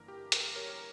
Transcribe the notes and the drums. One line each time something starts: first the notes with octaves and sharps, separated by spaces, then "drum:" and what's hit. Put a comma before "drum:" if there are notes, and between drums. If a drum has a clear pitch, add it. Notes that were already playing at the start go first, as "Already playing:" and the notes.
Already playing: G1 G2 E3 A#3 D4 A#4
G4
A#4, drum: hi-hat
A#4 C#5